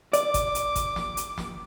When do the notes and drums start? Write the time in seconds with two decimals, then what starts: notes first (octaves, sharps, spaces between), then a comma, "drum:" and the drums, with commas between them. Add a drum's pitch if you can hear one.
0.13 D5 D6, drum: hi-hat
0.34 drum: kick G#1, hi-hat
0.55 drum: hi-hat
0.76 drum: kick G#1, hi-hat
0.96 drum: snare
1.17 drum: hi-hat
1.38 drum: snare